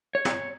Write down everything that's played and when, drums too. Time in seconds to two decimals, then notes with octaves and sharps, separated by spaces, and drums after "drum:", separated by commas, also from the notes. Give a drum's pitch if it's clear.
0.15 C#5
0.25 drum: snare